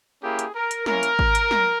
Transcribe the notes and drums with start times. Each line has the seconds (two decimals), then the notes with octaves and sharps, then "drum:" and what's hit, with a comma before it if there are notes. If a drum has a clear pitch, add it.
0.22 A#3 C#4 E4 G4 G#4
0.39 drum: hi-hat
0.55 A#4
0.71 drum: hi-hat
0.86 A#3 C#4 E4 A#4, drum: snare
1.03 drum: hi-hat
1.19 drum: kick G#1
1.35 drum: hi-hat
1.51 drum: snare